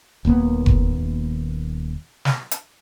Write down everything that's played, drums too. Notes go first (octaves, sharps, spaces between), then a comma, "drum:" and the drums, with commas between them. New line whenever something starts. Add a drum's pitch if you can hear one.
D#1 D#2 A#3 B3
drum: kick F1
drum: snare
drum: hi-hat